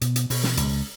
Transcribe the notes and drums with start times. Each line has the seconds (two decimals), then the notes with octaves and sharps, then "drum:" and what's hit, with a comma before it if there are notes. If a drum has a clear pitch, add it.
0.01 B2, drum: hi-hat
0.16 drum: hi-hat
0.30 B2, drum: open hi-hat
0.43 drum: snare
0.57 C#2, drum: hi-hat